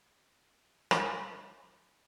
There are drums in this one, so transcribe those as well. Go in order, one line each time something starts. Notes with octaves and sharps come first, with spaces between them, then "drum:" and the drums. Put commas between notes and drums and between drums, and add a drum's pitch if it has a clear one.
B4 C#5 B5 D6 E6 G6
drum: rim click
D#4 B4 A#5 B5 B6 D7